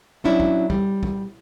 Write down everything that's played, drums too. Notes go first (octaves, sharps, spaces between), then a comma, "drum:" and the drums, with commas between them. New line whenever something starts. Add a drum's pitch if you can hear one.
F#3 C#4 D4 E4
drum: kick
G3, drum: kick
drum: kick